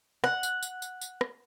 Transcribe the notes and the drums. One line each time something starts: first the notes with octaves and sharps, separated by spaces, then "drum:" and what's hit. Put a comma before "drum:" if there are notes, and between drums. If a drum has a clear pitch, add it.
F#5, drum: rim click
drum: tambourine
drum: tambourine
drum: tambourine
drum: tambourine
drum: rim click